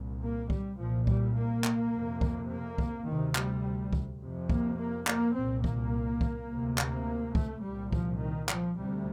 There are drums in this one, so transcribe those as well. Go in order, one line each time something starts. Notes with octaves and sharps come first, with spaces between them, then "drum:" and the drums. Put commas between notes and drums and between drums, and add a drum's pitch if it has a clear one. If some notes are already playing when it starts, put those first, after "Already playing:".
Already playing: C2 A#2
A#3
G3, drum: kick C2
C2 A#2 F3
G3, drum: kick C2
A#3
drum: clap
F2 C3
drum: kick C2
A#3
drum: kick C2
D2 C3 D#3
G3, drum: clap
drum: kick C2
F2 C3
A#3, drum: kick C2
A#3
A#3, drum: clap
C2 A#2 C4
A#3, drum: kick C2
drum: kick C2
D2 C3
A#3, drum: clap
A3, drum: kick C2
C2 A#2 G3
F3, drum: kick C2
D#3
F3, drum: clap
D2 C3 G3